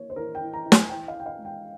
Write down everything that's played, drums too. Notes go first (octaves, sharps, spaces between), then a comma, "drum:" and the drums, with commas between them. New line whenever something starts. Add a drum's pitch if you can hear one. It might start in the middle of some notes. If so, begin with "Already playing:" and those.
Already playing: A#3 E4 C#5
C5
E3 A#4
G5
E3
A#5
E4
G#5, drum: snare
E3 G5
F5
E4
G5
F5
G#3
G5